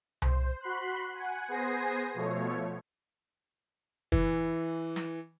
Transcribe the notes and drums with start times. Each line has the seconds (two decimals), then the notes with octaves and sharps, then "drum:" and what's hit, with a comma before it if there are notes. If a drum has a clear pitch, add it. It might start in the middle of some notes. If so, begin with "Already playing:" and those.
0.22 C5, drum: tom C2
0.61 F#4 B5 C6 F#6
1.14 F#5 G#5
1.48 B3 G#4 C5 G#5 A#6 C7
2.14 B2 F3 A3 C#5
4.12 E3, drum: kick
4.96 drum: snare